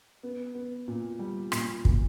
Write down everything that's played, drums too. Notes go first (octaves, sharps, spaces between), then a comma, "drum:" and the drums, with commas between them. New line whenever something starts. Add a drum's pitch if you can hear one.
B3
B3
A#2
G3
A#2, drum: rim click
A#2, drum: kick